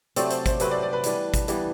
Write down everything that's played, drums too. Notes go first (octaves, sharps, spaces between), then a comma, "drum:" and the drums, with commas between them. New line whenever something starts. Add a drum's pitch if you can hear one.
C3 F#3 A3 C4 D5, drum: hi-hat
C5, drum: hi-hat
C5, drum: kick, hi-hat
C3 F#3 A3 C4 B4, drum: hi-hat
D5
D5
B4
E3 G3 B3 D4, drum: hi-hat
drum: kick, hi-hat
E3 G3 B3 D4, drum: hi-hat